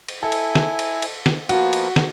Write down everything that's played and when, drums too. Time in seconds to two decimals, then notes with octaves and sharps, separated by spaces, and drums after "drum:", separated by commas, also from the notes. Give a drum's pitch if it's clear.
0.08 drum: cymbal
0.23 E4 A4 G#5
0.32 drum: cymbal
0.55 drum: snare
0.79 drum: cymbal
1.02 drum: cymbal
1.26 drum: snare
1.49 F3 A#3 B3 F#4, drum: cymbal
1.73 drum: cymbal
1.96 drum: snare